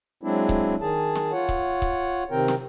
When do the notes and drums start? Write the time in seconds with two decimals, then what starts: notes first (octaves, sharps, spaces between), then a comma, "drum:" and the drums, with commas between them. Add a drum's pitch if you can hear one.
0.23 F#3 G#3 C4 D4 E4
0.49 drum: kick C#1
0.81 D#3 G#4 A5
1.15 drum: snare
1.32 F4 C#5 F#5
1.49 drum: kick C#1
1.82 drum: kick C#1
2.31 C3 D#3 C4 A#4 G5
2.48 drum: snare